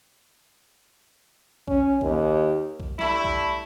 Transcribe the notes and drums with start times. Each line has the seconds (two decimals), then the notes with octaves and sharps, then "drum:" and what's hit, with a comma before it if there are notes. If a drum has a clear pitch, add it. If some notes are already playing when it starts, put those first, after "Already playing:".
1.68 C#4, drum: kick B1
2.01 D#2, drum: kick B1
2.80 drum: kick B1
2.99 G3 A3 D4 E4, drum: snare
3.24 drum: kick B1